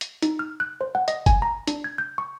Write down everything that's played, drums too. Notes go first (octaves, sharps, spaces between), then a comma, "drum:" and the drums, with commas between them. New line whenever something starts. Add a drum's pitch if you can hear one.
drum: hi-hat
D#4, drum: hi-hat
F6
F#6
C5
F#5
D#5, drum: hi-hat
G#5, drum: kick F#1, hi-hat
A#5
D4, drum: hi-hat
G#6
G6
C#6